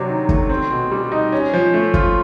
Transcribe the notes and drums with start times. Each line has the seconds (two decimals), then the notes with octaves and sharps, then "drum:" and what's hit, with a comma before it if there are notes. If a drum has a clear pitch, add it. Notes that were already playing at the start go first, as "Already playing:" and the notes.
Already playing: C3 F#3 D4
0.09 D#3
0.29 A3, drum: kick
0.49 C4
0.71 B2
0.92 G3
1.12 D#4
1.32 C#4
1.54 F3
1.74 A3
1.94 F4, drum: kick